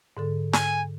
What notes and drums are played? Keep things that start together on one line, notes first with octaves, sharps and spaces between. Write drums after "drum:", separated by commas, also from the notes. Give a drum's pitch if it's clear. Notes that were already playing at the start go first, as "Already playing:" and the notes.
G#2 D3 A4
G#5, drum: snare